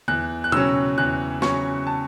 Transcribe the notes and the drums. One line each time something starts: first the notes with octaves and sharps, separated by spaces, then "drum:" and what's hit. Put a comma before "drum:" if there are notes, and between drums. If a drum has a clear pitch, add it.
E2 F#6, drum: tom D3
F#6
C#3 F#3 C#4 E6, drum: tom B2
E2 F#6
C#3 F#3 C#4 C#6, drum: snare
A5